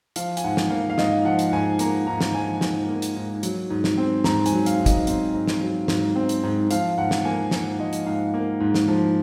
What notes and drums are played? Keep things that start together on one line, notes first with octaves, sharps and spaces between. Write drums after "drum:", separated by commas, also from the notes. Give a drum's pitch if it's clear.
F3 F5, drum: hi-hat
G#5, drum: hi-hat
G#2 F#5
drum: snare
A#3 F5
F5
G#2 D#5, drum: snare
F3 F#5
drum: hi-hat
G#2 G#5
A#3 A#5, drum: hi-hat
G#2 A#5
drum: snare
F3 G#5
G#2, drum: snare
A#3
drum: hi-hat
G#2
F#3, drum: hi-hat
G#2
drum: snare
C4
G#2 A#5, drum: snare
G#5, drum: hi-hat
F#3
F5, drum: hi-hat
G#2
D#5, drum: kick, hi-hat
C4, drum: hi-hat
G#2
drum: snare
F#3
G#2, drum: snare
C4
drum: hi-hat
G#2
F3 F5, drum: hi-hat
G#2 F#5
drum: snare
A#3 G#5
G#2, drum: snare
F3 D#5
drum: hi-hat
G#2 F5
A#3
G#2
drum: snare
F3